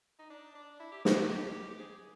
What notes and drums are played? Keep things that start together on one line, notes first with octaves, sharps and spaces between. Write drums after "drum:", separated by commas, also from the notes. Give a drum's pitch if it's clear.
D#4
D4
D4
E4
G4
F#4, drum: snare
G4
G4
G4
G#4